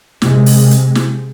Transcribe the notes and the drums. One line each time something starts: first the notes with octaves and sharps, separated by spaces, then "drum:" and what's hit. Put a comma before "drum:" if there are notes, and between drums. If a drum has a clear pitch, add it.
C3 G#3, drum: snare
drum: open hi-hat
drum: hi-hat
drum: snare